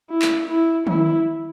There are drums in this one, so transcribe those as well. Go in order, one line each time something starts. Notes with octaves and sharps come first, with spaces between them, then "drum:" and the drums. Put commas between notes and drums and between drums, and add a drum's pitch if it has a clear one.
E4
drum: clap
E4
E4, drum: tom D#3